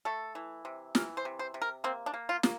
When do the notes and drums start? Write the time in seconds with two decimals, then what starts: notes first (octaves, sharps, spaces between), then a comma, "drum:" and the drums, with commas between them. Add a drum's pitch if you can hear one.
0.05 A3 A4
0.35 E3
0.65 C3
0.95 E3 A#4, drum: snare
1.17 C5
1.25 C3
1.39 C5
1.54 C3
1.62 A#4
1.84 A#3 C4
2.06 D4
2.14 A#3
2.29 F4
2.43 A#3, drum: snare